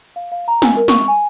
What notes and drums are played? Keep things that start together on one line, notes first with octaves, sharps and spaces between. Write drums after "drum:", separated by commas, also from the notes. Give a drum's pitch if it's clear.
F5
F5
A#5
G#5, drum: snare
A#4
C#6, drum: snare
G#5